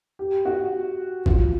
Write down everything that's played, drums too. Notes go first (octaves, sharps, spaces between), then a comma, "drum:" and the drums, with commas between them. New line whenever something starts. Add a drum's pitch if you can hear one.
G4
F#4
F4, drum: kick